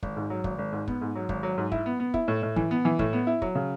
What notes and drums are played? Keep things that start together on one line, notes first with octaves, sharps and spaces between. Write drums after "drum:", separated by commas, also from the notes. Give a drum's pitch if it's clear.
G#1, drum: kick
G#2
F#3
G#1, drum: kick
G#1
G#2
B3, drum: kick
G#2
F#3
G#1, drum: kick
F#3
G#2
E4, drum: kick
B3
B3
E4, drum: kick
A2
A2
E3, drum: kick
B3
E3
A2, drum: kick
B3
E4
F#3, drum: kick
C#3